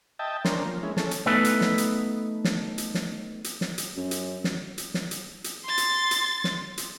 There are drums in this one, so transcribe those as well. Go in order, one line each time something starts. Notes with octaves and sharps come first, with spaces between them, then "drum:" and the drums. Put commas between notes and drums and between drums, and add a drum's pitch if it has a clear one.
D#5 E5 G5 A5
C#4 D4 A#4 C5, drum: snare
F3 A#3
G#3 C#4 E4
C#4 A4, drum: snare
drum: hi-hat
A3 B3 D#4 B4 E5
drum: hi-hat
drum: snare
drum: hi-hat
drum: snare
drum: hi-hat
drum: snare
drum: hi-hat
drum: snare
drum: hi-hat
F#2
drum: hi-hat
drum: snare
drum: hi-hat
drum: snare
drum: hi-hat
drum: hi-hat
C6 A6
drum: hi-hat
drum: hi-hat
drum: snare
drum: hi-hat